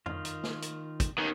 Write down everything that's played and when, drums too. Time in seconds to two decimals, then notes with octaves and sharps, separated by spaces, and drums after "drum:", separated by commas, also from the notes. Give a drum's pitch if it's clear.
0.06 D#3 F4, drum: tom F2
0.25 drum: hi-hat
0.44 drum: snare
0.62 drum: hi-hat
1.00 drum: kick, hi-hat
1.18 D#2 D#3 B3 C#4